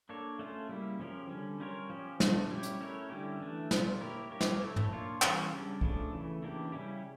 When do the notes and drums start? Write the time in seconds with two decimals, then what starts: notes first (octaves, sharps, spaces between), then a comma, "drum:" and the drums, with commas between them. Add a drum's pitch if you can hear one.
0.09 A#3 D4 A4 C#5
0.39 A3 C#4 F4
0.69 C#3 G3 A#3 E4
0.99 C#3 F3 C#4 G4 A#4
1.29 D3 G3 C#4
1.60 G3 C#4 F4 A#4 C#5
1.90 F3 C#4 G4
2.20 F3 A3 D4, drum: snare
2.51 G3 C#4 E4 G4 C#5
2.63 drum: hi-hat
2.80 A3 C#4 E4 A#4 C#5
3.10 D3 G3 C#4 E4 G4
3.41 E3 A3 D4
3.71 D3 G3 D4 F4, drum: snare
4.01 A#3 E4 G4 A#4 C#5
4.31 G3 D4 G4 A#4 C#5
4.41 drum: snare
4.61 A3 E4 A4 C#5
4.76 drum: tom
4.91 A#3 D4 F4 C#5
5.22 E3 G3 C#4 F4, drum: clap
5.52 C#3 G3 D4
5.81 C#3 F3 A3 D4, drum: kick
6.13 C#3 E3 A3
6.42 C#3 E3 A#3 D4 G4
6.72 C#3 G3 C#4 E4 G4